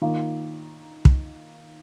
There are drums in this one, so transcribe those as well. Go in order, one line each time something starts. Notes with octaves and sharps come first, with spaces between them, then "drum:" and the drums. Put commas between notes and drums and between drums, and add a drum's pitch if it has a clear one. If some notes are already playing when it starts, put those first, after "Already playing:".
D#3 A#3 F4
drum: kick